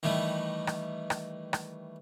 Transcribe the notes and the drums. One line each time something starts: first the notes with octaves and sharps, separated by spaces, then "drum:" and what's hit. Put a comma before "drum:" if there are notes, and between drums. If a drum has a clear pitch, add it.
D#3 E3 G3 A3
drum: rim click
drum: rim click
drum: rim click